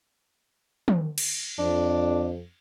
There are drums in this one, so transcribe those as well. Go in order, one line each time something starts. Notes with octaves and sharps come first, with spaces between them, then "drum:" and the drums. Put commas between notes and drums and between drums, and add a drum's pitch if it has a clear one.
drum: tom
drum: cymbal
F2 D4